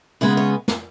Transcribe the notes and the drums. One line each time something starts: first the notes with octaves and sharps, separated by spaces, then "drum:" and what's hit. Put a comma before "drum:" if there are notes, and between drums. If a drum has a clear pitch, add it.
C#3 G#3 B3 B4
C#5
drum: snare